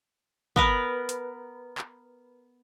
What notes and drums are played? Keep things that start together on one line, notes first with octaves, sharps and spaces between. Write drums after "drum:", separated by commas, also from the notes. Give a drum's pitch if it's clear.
B3 A#4 B4, drum: kick
drum: hi-hat
drum: clap